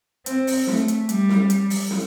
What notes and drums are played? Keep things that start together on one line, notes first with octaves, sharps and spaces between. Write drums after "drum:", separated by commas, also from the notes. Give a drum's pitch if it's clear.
C4, drum: hi-hat
drum: open hi-hat
A3, drum: snare
drum: hi-hat
G3, drum: hi-hat
drum: snare
drum: hi-hat
drum: open hi-hat
drum: snare